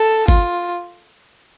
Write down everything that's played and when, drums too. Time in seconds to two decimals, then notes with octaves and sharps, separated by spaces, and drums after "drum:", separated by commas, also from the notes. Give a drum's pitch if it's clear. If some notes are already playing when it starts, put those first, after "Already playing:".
Already playing: A4
0.28 F4, drum: kick